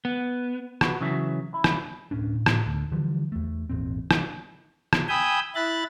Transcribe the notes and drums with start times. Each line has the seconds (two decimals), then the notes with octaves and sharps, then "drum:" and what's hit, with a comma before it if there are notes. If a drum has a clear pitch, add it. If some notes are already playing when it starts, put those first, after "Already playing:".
0.05 B3
0.81 F#4 B4, drum: rim click
1.01 C#3 E3 F#3 E5
1.54 E4
1.64 drum: rim click
2.11 D1 A2 C#4 D4
2.36 A2
2.46 drum: rim click
2.66 D2
2.92 D3 E3 F3 G3
3.32 E2 A3
3.70 G#1 E2 A#2 C4
4.11 drum: rim click
4.93 drum: rim click
5.08 G5 G#5 B5 D#6 E6 G6
5.55 E4 E5 B5 F#6 A6